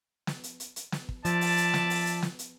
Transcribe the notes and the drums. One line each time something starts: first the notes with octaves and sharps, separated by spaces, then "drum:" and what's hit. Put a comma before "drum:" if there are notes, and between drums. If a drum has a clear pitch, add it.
drum: snare
drum: hi-hat
drum: hi-hat
drum: hi-hat
drum: snare
drum: kick
F3 D5 E5 A5, drum: hi-hat
drum: open hi-hat
drum: hi-hat
drum: snare
drum: open hi-hat
drum: hi-hat
drum: snare
drum: hi-hat